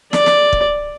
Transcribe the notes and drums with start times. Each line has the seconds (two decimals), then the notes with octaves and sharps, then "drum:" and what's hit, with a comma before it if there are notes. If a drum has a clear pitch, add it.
0.13 D5, drum: snare
0.26 drum: snare
0.53 drum: kick